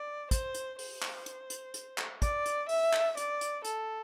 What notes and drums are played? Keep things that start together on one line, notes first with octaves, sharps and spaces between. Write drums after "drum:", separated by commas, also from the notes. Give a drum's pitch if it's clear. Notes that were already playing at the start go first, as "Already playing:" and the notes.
Already playing: D5
C5, drum: kick, hi-hat
drum: hi-hat
C5, drum: open hi-hat
drum: clap
drum: hi-hat
drum: hi-hat
drum: hi-hat
drum: clap
D5, drum: kick, hi-hat
drum: hi-hat
E5, drum: open hi-hat
drum: clap
D5, drum: hi-hat
drum: hi-hat
A4, drum: hi-hat